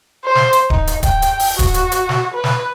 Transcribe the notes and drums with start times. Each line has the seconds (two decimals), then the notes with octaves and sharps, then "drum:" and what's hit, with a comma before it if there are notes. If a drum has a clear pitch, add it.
0.25 C5
0.35 drum: snare
0.53 drum: hi-hat
0.70 D#4, drum: kick D1
0.87 drum: hi-hat
1.03 G5, drum: kick D1, hi-hat
1.22 drum: hi-hat
1.39 drum: open hi-hat
1.59 F#4, drum: kick D1, hi-hat
1.74 drum: hi-hat
1.92 drum: hi-hat
2.09 drum: snare
2.34 B4
2.44 drum: snare